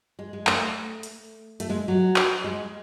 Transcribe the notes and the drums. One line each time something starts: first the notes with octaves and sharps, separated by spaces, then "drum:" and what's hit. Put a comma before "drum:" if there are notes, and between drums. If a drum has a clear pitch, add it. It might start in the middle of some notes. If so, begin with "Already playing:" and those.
G#3
G#3
A3, drum: clap
drum: hi-hat
A3, drum: hi-hat
G#3
F#3
drum: clap
G#3